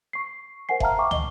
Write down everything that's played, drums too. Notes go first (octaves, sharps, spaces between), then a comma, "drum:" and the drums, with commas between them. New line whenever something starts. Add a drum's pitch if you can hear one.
C#6 C7
A#4 C5 F#5 G#5 C7
E5 F5 A5 A#5 F6, drum: kick F#1
E5 F5 G5 G#5 C#6 D6
D#5 G7, drum: tom